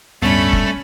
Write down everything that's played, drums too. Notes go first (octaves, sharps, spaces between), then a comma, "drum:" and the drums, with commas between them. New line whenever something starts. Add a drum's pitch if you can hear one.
D1 G2 G3 A3 B3 C#4 B5
drum: kick